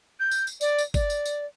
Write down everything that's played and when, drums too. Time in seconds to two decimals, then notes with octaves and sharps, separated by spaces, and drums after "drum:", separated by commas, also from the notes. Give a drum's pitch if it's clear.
0.20 G6
0.31 drum: tambourine
0.47 drum: tambourine
0.61 D5, drum: tambourine
0.78 drum: tambourine
0.94 D5, drum: kick G1, tambourine
1.10 drum: tambourine
1.25 drum: tambourine